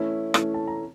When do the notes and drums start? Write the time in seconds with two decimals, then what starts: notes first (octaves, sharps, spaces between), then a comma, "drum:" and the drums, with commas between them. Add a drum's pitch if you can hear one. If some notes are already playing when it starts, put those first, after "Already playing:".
Already playing: E3 A3 C#4 E4
0.34 E3 A3 C#4 E4, drum: rim click
0.54 A5
0.67 A#5